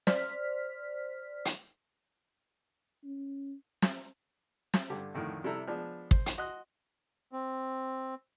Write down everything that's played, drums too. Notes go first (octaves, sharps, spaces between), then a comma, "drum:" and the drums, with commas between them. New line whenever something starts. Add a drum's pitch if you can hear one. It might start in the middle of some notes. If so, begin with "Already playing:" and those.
C5 D5 F6 B6, drum: snare
drum: hi-hat
C#4
drum: snare
drum: snare
G2 D3 G4
F2 A2 D3 D#3
C3 G3 E4 A4 A#5 E6
F3 G#3 B3 D4
C5, drum: kick
drum: hi-hat
F#4 D#5 C6 F#6
C4